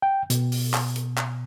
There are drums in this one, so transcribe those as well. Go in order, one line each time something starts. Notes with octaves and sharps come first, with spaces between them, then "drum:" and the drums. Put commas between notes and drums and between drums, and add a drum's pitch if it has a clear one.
G5
B2, drum: hi-hat
drum: open hi-hat
drum: clap
drum: hi-hat
drum: clap